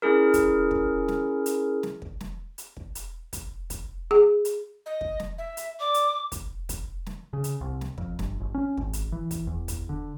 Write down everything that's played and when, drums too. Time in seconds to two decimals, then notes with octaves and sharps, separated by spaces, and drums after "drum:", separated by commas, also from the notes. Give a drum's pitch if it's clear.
0.02 C#4 E4 G#4 A#4
0.34 drum: kick, hi-hat
0.71 drum: kick
1.08 drum: snare
1.46 drum: hi-hat
1.83 drum: snare
2.02 drum: kick
2.21 drum: snare
2.58 drum: hi-hat
2.77 drum: kick
2.95 drum: hi-hat
3.33 drum: kick, hi-hat
3.70 drum: kick, hi-hat
4.11 G#4
4.45 drum: hi-hat
4.86 D#5
5.01 drum: kick
5.20 drum: snare
5.38 E5
5.57 drum: hi-hat
5.80 D5 D6
5.94 drum: hi-hat
6.32 drum: kick, hi-hat
6.69 drum: kick, hi-hat
7.06 drum: snare
7.33 C#3
7.44 drum: hi-hat
7.61 C2
7.81 drum: snare
7.98 F2, drum: kick
8.19 G1, drum: snare
8.40 G1
8.54 C#4
8.77 G#1, drum: kick
8.93 drum: hi-hat
9.12 E3
9.31 drum: kick, hi-hat
9.47 E2
9.68 drum: kick, hi-hat
9.89 D3